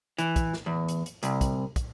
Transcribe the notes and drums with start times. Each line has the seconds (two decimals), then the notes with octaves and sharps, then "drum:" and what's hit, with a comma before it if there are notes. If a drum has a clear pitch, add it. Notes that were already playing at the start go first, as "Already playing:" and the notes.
0.18 E3, drum: hi-hat
0.36 drum: kick, hi-hat
0.53 drum: snare
0.66 E2
0.89 drum: hi-hat
1.06 drum: hi-hat
1.23 C2, drum: hi-hat
1.41 drum: kick, hi-hat
1.76 drum: kick, hi-hat